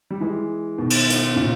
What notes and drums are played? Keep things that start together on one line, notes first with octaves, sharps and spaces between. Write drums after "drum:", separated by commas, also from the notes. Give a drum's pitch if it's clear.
G3
E3 G#3
B2 D#3
drum: cymbal
drum: hi-hat
A#2 C#3